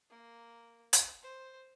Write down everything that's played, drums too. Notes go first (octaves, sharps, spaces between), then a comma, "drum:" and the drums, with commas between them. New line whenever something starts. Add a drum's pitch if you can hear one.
A#3
drum: hi-hat
C5